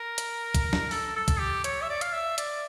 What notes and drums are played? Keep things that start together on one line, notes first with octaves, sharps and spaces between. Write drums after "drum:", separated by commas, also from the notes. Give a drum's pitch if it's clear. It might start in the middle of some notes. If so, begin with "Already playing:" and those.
Already playing: A#4
drum: hi-hat
drum: kick, hi-hat
drum: snare
A4, drum: open hi-hat
A4
drum: kick, hi-hat
G4
C#5, drum: hi-hat
E5
D5
F5, drum: hi-hat
E5
D5, drum: hi-hat